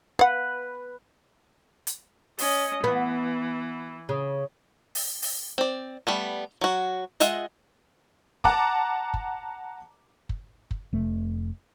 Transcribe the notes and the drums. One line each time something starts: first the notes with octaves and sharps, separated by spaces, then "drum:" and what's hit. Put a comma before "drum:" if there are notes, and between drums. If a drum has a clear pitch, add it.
B4 F5 F#5
drum: hi-hat
C#4 D#5, drum: open hi-hat
E3 B3
C#3
drum: open hi-hat
drum: open hi-hat
C4 D5
G3 A3 B3
F#3 F#4
G#3 F4 D#5 E5 F#5, drum: hi-hat
F#5 A5 A#5 D6, drum: kick
drum: kick
drum: kick
drum: kick
F1 A3